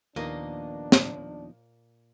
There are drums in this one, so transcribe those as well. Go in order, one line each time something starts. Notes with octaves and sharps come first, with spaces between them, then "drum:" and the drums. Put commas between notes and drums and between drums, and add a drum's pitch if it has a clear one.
D#2 A#2 F3 A#3 B3 D4 D#4 D#5
drum: snare